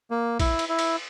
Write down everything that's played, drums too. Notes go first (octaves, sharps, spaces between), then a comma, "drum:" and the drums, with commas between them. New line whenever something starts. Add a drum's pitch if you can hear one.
A#3
E4, drum: kick A#1, cymbal
drum: cymbal
E4
drum: cymbal